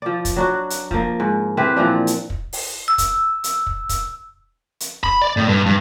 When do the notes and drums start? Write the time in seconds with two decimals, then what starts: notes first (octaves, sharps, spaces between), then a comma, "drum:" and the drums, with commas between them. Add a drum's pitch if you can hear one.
0.02 F3 D5
0.25 drum: kick, hi-hat
0.36 F#3 D4 F#4
0.70 drum: hi-hat
0.91 F3 A#3, drum: kick
1.20 G#2
1.57 C4 E4 G4 B4
1.76 A#2 E3 F3 D4
2.07 drum: hi-hat
2.30 drum: kick
2.53 drum: open hi-hat
2.88 E6
2.98 drum: kick, hi-hat
3.44 drum: hi-hat
3.67 drum: kick
3.89 drum: kick, hi-hat
4.80 drum: hi-hat
5.04 B5, drum: kick
5.22 D5
5.37 A2
5.49 G2
5.66 G2